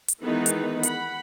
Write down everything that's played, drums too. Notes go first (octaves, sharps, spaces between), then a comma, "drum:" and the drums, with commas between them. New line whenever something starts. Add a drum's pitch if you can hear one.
drum: hi-hat
D#3 E3 G#3 B3 D#4 B4
drum: hi-hat
F#5 B5, drum: hi-hat